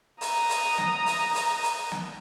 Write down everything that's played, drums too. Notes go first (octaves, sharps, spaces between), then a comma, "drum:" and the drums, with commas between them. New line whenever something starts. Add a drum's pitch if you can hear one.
A#5 D#6, drum: open hi-hat
drum: open hi-hat
drum: snare
drum: open hi-hat
drum: open hi-hat
drum: open hi-hat
drum: snare